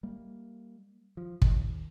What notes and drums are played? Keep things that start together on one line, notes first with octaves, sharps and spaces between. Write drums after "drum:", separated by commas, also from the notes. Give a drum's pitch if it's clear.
G3 A#3
F3
D#2, drum: kick